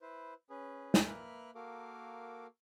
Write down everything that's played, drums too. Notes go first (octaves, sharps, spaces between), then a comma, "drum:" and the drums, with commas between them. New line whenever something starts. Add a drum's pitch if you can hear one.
E4 B4 C5
C#4 G#4 B4
drum: snare
A#3 A#4 B4 E5 F6 F#6
A#3 F#4 A4 A#4 F5 D6